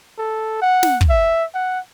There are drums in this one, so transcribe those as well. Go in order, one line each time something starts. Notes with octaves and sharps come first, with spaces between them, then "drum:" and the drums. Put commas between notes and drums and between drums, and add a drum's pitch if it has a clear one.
A4
F#5
drum: snare
drum: kick
E5
F#5